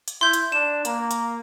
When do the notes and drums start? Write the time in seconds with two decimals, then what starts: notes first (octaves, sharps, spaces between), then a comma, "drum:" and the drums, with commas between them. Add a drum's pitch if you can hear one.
0.08 drum: hi-hat
0.21 E4 C6 G6
0.33 drum: hi-hat
0.52 D4 E7
0.85 A#3, drum: hi-hat
1.11 drum: hi-hat